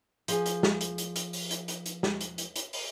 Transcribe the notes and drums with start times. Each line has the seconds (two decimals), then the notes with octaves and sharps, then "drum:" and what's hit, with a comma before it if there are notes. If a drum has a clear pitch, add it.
0.28 F3 G#4 G#5, drum: hi-hat
0.46 drum: hi-hat
0.63 drum: snare
0.81 drum: hi-hat
0.98 drum: hi-hat
1.16 drum: hi-hat
1.33 drum: open hi-hat
1.51 drum: hi-hat
1.68 drum: hi-hat
1.86 drum: hi-hat
2.03 drum: snare
2.21 drum: hi-hat
2.38 drum: hi-hat
2.56 drum: hi-hat
2.73 drum: open hi-hat